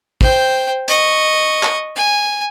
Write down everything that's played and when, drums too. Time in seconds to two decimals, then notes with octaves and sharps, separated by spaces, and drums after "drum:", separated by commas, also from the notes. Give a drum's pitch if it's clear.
0.21 C5 G5, drum: kick
0.88 D#5 C#6, drum: hi-hat
1.63 drum: clap
1.96 G#5